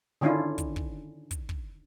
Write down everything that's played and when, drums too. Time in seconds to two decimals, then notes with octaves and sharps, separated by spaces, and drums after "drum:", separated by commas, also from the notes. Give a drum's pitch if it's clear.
0.21 D3 D#3 C#4 D4 E4 F4
0.58 drum: kick, hi-hat
0.76 drum: kick
1.31 drum: kick, hi-hat
1.49 drum: kick